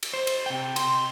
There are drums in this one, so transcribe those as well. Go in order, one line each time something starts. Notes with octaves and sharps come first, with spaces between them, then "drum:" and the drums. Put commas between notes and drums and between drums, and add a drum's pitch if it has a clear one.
drum: cymbal
C5
drum: cymbal
C3 G5
C6, drum: cymbal